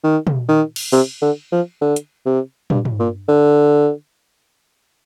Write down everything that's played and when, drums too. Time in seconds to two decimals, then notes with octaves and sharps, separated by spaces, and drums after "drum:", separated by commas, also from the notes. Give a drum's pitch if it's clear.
0.04 D#3
0.27 drum: tom
0.49 D#3
0.76 drum: cymbal
0.92 C3, drum: open hi-hat
1.22 D3
1.52 F3
1.82 D3
1.96 drum: hi-hat
2.26 C3
2.70 G2, drum: tom
2.85 drum: tom
2.99 A#2
3.28 D3